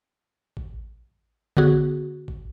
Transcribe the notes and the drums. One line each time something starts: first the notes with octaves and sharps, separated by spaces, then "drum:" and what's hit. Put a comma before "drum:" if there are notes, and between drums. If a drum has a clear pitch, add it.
drum: kick A1
D3 B3 F#4 G#4, drum: kick A1
drum: kick A1